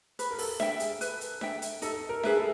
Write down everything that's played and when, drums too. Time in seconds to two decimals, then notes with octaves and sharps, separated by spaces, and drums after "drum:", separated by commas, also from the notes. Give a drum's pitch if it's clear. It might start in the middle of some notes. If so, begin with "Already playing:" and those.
0.19 B4, drum: hi-hat
0.31 A#4
0.38 A4, drum: open hi-hat
0.60 E5 G5, drum: snare D4
0.80 G#4, drum: hi-hat
1.01 B4, drum: hi-hat
1.21 drum: hi-hat
1.41 E5 G5, drum: snare D4
1.62 drum: hi-hat
1.82 D#4 A4, drum: hi-hat
2.09 A#4
2.23 G#4 B4 E5, drum: snare D4
2.37 A4